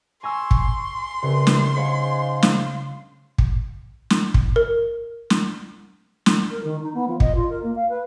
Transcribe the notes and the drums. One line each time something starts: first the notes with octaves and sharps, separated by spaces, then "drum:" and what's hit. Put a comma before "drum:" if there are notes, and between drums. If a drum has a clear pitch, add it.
G#5 A#5 C6 C#6 E6
drum: kick
C2 C#3 B4
drum: snare
G#2 C#5 F5
drum: snare
drum: kick
drum: snare
drum: kick
A#4
drum: snare
drum: snare
A#4
D#3
D#4
B3
F3
D#5, drum: kick
F4
A#4
A#3
F5
B4